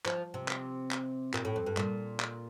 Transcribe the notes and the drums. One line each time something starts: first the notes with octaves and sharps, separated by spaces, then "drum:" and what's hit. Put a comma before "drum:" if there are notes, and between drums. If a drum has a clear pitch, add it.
F3, drum: clap
C3
drum: clap
drum: clap
A#2, drum: clap
A2
F2
G2
A#2, drum: clap
drum: clap